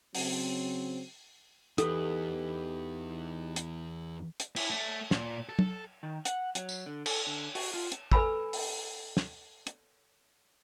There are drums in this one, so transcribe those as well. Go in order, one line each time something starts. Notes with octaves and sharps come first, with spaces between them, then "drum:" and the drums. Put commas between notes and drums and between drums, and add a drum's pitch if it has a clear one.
C#3 F#3 C4, drum: open hi-hat
E2 D#4 G4 A4 B4, drum: hi-hat
drum: hi-hat
drum: hi-hat
E4, drum: cymbal
A3
A#2, drum: snare
A4
drum: tom
D#3
F#5, drum: hi-hat
F#3, drum: hi-hat
drum: tambourine
D3
A4, drum: cymbal
D3
F#4, drum: open hi-hat
F4
drum: hi-hat
A4 B4 G#5 B5 E6, drum: kick
drum: open hi-hat
drum: snare
drum: hi-hat